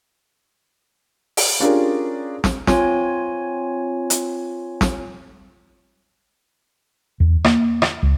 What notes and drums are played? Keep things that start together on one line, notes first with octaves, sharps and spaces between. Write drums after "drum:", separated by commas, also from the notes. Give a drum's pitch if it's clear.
drum: open hi-hat
C#4 D4 F4 G4 G#4 A#4
drum: snare
C4 F4 C#5 G#5, drum: snare
drum: hi-hat
drum: snare
E2
A#3, drum: rim click
drum: rim click
C#2